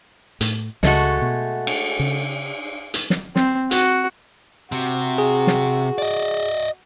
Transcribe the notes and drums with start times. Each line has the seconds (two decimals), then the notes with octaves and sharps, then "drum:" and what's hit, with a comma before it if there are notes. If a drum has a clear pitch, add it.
0.41 A2, drum: hi-hat
0.83 C#2 C#3 G#3 A3 F#4, drum: snare
1.22 B2
1.67 drum: cymbal
1.99 C#3
2.94 drum: hi-hat
3.10 drum: snare
3.36 C4, drum: snare
3.71 F#4, drum: hi-hat
4.72 C3 F#4
5.18 G#4
5.47 drum: snare
5.98 D5 D#5